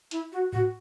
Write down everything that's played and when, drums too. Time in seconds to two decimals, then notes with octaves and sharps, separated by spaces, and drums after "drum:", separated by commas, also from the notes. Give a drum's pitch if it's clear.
0.11 E4, drum: hi-hat
0.32 F#4
0.53 F#4, drum: tom G#2